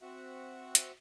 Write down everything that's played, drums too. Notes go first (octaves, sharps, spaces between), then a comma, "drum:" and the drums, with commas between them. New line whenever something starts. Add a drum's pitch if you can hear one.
C4 F#4 E5 F#5
drum: hi-hat